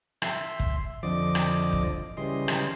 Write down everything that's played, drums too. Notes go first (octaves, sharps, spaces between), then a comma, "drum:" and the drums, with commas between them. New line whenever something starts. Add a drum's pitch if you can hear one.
E5 C6, drum: rim click
drum: kick
F2 D3 F3 D5 D#5 D6
drum: rim click
drum: kick
C#3 E3 G3 D#5 C6
drum: rim click